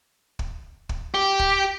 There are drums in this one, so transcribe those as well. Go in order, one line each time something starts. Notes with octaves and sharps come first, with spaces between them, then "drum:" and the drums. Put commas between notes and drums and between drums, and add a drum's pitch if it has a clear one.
drum: kick
drum: kick
G4
drum: kick